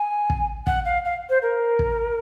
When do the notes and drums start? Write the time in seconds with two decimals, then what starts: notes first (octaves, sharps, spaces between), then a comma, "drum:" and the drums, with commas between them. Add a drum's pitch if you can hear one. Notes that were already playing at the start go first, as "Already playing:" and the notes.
Already playing: G#5
0.30 drum: kick
0.67 F#5, drum: kick
0.85 F5
1.05 F5
1.30 C5
1.42 A#4
1.79 drum: kick